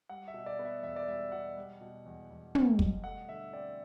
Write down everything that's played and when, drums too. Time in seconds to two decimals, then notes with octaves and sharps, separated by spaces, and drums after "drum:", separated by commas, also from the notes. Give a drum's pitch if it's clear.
0.09 G3 F#5
0.28 E5
0.34 B2
0.46 D5
0.59 B3
0.65 E5
0.83 E2 E5
0.96 D5
1.08 G3 E5
1.32 B2 F#5
1.57 G3
1.81 B2
2.06 E2
2.31 E2
2.55 G3, drum: tom
2.79 B2, drum: kick
3.04 A3 F#5
3.29 D3 E5
3.53 C4 D5